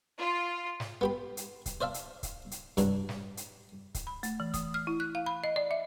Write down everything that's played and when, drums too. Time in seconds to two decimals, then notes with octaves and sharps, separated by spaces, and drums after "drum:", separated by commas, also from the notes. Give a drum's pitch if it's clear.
0.18 F4
0.80 drum: snare
1.01 B3 G4 B5
1.37 drum: hi-hat
1.66 drum: kick C#1, hi-hat
1.81 C5 D5 E5 F5 A5
1.94 drum: hi-hat
2.23 drum: kick C#1, hi-hat
2.51 drum: hi-hat
2.77 G2 C3 F#3 D4, drum: kick C#1, hi-hat
3.09 drum: snare
3.37 drum: hi-hat
3.95 drum: kick C#1, hi-hat
4.07 B5
4.23 A3, drum: hi-hat
4.40 E3
4.54 D#6, drum: kick C#1, hi-hat
4.74 F6
4.87 E4
5.00 F#6
5.15 F5
5.26 B5
5.44 D#5
5.56 D5
5.71 E5